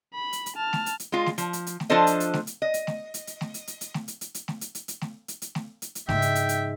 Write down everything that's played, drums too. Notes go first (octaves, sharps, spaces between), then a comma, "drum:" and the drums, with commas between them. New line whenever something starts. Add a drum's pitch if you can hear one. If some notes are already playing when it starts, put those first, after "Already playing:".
B5
drum: hi-hat
drum: hi-hat
A5 F6
drum: snare
drum: hi-hat
drum: hi-hat
G#3 F4
drum: snare
F3, drum: hi-hat
drum: hi-hat
drum: hi-hat
drum: snare
F3 D4 F4 A4 C5 D#5
drum: hi-hat
drum: hi-hat
drum: snare
drum: hi-hat
D#5
drum: hi-hat
drum: snare
drum: hi-hat
drum: hi-hat
drum: snare
drum: hi-hat
drum: hi-hat
drum: hi-hat
drum: snare
drum: hi-hat
drum: hi-hat
drum: hi-hat
drum: snare
drum: hi-hat
drum: hi-hat
drum: hi-hat
drum: snare
drum: hi-hat
drum: hi-hat
drum: snare
drum: hi-hat
drum: hi-hat
G#2 C#3 F3 E5 G5, drum: snare
drum: hi-hat
drum: hi-hat
drum: hi-hat